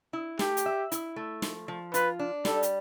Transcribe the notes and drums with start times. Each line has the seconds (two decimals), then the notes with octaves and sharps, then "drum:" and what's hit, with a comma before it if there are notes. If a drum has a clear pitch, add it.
0.13 E4
0.39 A3 G4, drum: snare
0.57 drum: hi-hat
0.66 E5
0.92 E4, drum: hi-hat
1.16 A3
1.42 F3, drum: snare
1.68 F3
1.94 F4 B4, drum: hi-hat
2.19 D4
2.45 G3 A4, drum: snare
2.63 drum: hi-hat